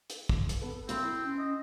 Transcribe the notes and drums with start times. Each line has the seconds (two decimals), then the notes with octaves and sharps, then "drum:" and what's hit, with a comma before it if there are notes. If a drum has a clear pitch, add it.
0.10 drum: hi-hat
0.29 drum: kick
0.49 drum: hi-hat
0.62 B3 A4
0.89 C2 C4 B5, drum: hi-hat
1.02 E4
1.24 C#4
1.39 D#5